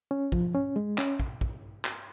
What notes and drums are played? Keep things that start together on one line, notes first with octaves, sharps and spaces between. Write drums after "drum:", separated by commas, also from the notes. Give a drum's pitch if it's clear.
C#4
F3, drum: kick
C#4
G#3
C#4, drum: clap
drum: kick
drum: kick
drum: clap